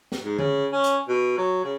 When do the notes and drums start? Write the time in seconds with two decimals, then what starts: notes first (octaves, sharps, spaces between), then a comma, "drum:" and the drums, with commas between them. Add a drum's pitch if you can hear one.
0.12 drum: snare
0.23 G#2
0.38 C#3, drum: tom D3
0.72 C#4
0.84 drum: hi-hat
1.08 B2
1.37 F#3
1.64 C#3